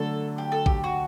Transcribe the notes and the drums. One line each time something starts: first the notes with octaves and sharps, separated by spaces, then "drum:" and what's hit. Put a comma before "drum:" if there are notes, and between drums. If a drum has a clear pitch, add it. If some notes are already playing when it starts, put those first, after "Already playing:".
Already playing: D3 F#3 A3 A4
G4
A4
G4, drum: kick A#1
F#4